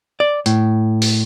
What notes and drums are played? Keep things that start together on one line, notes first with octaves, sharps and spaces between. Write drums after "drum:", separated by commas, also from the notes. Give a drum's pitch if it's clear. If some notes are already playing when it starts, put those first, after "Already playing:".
D5
A2, drum: hi-hat
drum: open hi-hat